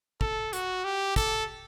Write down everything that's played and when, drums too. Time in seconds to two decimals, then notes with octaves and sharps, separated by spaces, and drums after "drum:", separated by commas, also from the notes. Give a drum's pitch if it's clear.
0.21 A4, drum: kick
0.53 F#4, drum: hi-hat
0.84 G4
1.16 A4, drum: kick, hi-hat